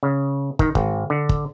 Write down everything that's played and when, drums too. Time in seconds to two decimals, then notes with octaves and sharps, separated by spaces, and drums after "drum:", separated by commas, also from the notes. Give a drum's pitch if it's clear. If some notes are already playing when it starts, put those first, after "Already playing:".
0.03 C#3
0.59 D#3, drum: kick
0.75 G#1, drum: kick
1.10 D3
1.29 drum: kick